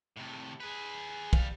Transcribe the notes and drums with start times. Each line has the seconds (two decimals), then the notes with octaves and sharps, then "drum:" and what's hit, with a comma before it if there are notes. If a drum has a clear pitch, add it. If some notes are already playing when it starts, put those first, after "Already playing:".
0.17 A2 C3
0.60 G#4 B4
1.33 G3 F5, drum: kick